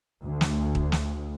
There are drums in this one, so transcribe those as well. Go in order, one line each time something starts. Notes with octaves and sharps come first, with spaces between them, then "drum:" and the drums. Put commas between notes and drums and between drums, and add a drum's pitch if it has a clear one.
D2
drum: snare
drum: kick
drum: snare